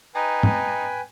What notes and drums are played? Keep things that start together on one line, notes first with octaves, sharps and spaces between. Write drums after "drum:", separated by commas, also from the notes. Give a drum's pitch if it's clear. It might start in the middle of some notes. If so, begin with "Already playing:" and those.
D#4 B4 G5 G#5
drum: tom